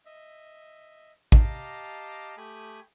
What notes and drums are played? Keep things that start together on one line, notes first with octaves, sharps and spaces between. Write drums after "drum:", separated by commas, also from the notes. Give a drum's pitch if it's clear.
D#5 E5
G4 D#5 F5 A5 A#5 D6, drum: kick A1
A3 G4 G#5 B5 D#6